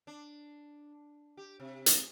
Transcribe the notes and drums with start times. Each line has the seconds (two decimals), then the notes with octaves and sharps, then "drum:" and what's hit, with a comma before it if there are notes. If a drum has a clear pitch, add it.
0.07 D4
1.37 G4
1.60 C3
1.86 drum: hi-hat